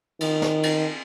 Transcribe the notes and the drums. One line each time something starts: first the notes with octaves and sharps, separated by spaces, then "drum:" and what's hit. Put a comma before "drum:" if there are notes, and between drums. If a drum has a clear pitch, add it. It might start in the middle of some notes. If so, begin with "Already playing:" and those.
D#3, drum: cymbal
drum: snare
drum: cymbal